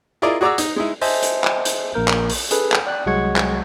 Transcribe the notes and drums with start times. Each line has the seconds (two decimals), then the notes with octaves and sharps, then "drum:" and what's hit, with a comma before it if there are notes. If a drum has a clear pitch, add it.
0.22 E4 F4 G#4 A#4 D5 D#5
0.41 F#4 G#4 D5 A#5 D6 E6
0.58 D#4, drum: hi-hat
0.76 G#3 D#4 E4
1.01 C5 D#5 E5 G#5 A5, drum: open hi-hat
1.23 drum: hi-hat
1.44 drum: clap
1.65 drum: hi-hat
1.94 A#1 A#3 A#4 G6
2.08 drum: clap
2.30 drum: open hi-hat
2.51 G#4 A4 B4, drum: hi-hat
2.72 drum: clap
2.87 D5 G5 F#6
3.06 C2 F#3 G#3 F#5 C#6 G#6
3.36 drum: clap